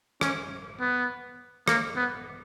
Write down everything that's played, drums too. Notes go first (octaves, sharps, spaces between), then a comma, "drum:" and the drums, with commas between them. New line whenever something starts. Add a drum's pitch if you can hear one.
C#4, drum: rim click
B3
A#3, drum: rim click
B3